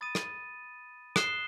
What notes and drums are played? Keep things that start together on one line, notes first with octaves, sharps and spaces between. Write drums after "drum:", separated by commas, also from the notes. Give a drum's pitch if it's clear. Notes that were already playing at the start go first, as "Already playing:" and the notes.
B5 D#6 A6 D#7
drum: rim click
D#6 F#6 C7 E7 G7, drum: rim click